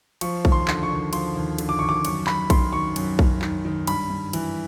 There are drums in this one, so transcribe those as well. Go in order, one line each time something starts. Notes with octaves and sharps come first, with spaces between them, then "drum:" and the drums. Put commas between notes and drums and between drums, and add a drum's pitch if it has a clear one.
F3 C#6, drum: cymbal
D#2, drum: kick A#1
C6
D3, drum: clap
C#6
D#2
F3 C6, drum: cymbal
D#2
D3, drum: cymbal
D6
D#2 C#6
D6
F#2 C#6, drum: cymbal
F#2 B5, drum: clap
D#3 C6, drum: kick A#1, cymbal
D#3 C#6
F#2, drum: cymbal
F#2, drum: kick A#1
D#3, drum: clap
D#3
G2 B5, drum: cymbal
G2
E3, drum: cymbal